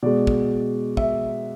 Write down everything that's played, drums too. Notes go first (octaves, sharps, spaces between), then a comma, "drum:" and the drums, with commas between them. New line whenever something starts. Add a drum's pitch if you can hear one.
B2 G#3 D5
drum: kick
E5, drum: kick